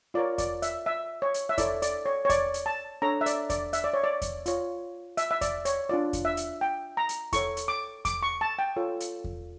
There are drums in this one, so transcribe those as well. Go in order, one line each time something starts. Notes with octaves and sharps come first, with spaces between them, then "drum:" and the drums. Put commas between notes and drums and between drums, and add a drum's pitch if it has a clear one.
F4 A#4 C#5 D5
D5, drum: kick E2, hi-hat
E5, drum: hi-hat
E5
C#5
drum: hi-hat
E5
E4 A4 C#5 D5, drum: kick E2, hi-hat
D5, drum: hi-hat
C#5
C#5
D5, drum: kick E2, hi-hat
drum: hi-hat
A5
D4 A4 C#5 A#5
E5
D5, drum: hi-hat
D5, drum: kick E2, hi-hat
E5, drum: hi-hat
D5
C#5
D5
drum: kick E2, hi-hat
F4 C#5, drum: hi-hat
E5, drum: hi-hat
E5
D5, drum: kick E2, hi-hat
C#5, drum: hi-hat
D4 F4 C#5 D5
drum: kick E2, hi-hat
E5
drum: hi-hat
G5
A#5
drum: hi-hat
E4 A4 C#5 C#6, drum: kick E2, hi-hat
drum: hi-hat
D6
D6, drum: kick E2, hi-hat
C#6
A5
G5
F4 A4 C#5
drum: hi-hat
drum: kick E2